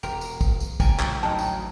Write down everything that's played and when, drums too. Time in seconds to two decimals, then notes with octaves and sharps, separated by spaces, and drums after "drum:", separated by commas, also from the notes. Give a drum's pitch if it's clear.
0.03 E1 G4 A#4, drum: tambourine
0.21 drum: tambourine
0.41 drum: kick, tambourine
0.60 drum: tambourine
0.80 C#2 A#2 A#4 G5 G#5, drum: kick, tambourine
0.99 drum: clap
1.23 A1 D2 D#3 F#3 G#3 D#4 A5
1.38 drum: tambourine